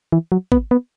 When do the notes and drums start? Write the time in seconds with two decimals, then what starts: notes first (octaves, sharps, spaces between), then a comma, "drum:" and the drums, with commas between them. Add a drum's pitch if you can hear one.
0.12 E3
0.32 F#3
0.52 B3, drum: kick
0.71 B3